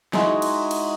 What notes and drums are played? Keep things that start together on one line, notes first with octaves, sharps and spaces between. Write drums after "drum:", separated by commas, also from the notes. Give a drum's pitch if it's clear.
G#3 D#4 E4 F#4, drum: snare
drum: cymbal
drum: cymbal